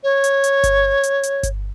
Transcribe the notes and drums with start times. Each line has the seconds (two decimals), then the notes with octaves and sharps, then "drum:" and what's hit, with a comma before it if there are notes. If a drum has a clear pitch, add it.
0.04 C#5
0.24 drum: hi-hat
0.44 drum: hi-hat
0.64 drum: kick G1, hi-hat
1.03 drum: hi-hat
1.23 drum: hi-hat
1.43 drum: kick G1, hi-hat